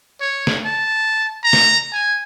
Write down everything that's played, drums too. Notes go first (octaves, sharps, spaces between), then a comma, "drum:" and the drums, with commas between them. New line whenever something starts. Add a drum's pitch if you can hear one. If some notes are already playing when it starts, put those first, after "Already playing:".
C#5
drum: snare
A5
A#5
drum: snare
G#5